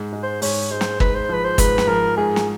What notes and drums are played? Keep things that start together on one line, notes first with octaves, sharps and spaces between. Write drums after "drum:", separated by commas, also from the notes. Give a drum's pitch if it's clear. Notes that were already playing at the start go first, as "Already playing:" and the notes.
Already playing: G#2
G#3
C5
G#2 C#5, drum: open hi-hat
G#3 C5
drum: snare
G#2 B4, drum: kick
C5
F3 B4
C5
G#2 B4, drum: kick, hi-hat
drum: snare
F3 A#4
G#2 G#4
drum: snare